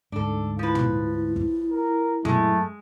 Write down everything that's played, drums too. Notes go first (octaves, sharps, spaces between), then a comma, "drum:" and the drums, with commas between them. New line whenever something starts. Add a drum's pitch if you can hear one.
D2 G#2 D4 A4
F3 E4 B4
drum: tom
drum: kick
A#4
F#2 G#3 A3, drum: tom